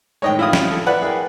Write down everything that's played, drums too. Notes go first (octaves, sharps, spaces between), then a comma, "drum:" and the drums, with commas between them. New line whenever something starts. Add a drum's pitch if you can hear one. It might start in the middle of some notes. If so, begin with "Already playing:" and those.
A2 D#3 G#3 C#5 D#5 G5
E4 F4 D#6
C#4, drum: snare
A4
E4 B4 D5 F#5
G#4 A#4 G5